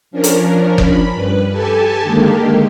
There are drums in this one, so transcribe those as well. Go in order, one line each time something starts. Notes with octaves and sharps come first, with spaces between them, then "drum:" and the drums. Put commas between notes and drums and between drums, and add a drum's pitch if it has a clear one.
F3 C#4 D4 A#4
drum: hi-hat
B5, drum: kick F#1
G2 B4
G4 A4 G#5 A5
D3 D#3 G#3 A#3 G4